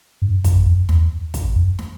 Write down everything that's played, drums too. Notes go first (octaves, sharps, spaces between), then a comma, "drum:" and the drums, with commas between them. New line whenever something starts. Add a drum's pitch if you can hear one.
G2
F#2, drum: kick, hi-hat
F2
E2, drum: snare
drum: kick, hi-hat
F2
drum: snare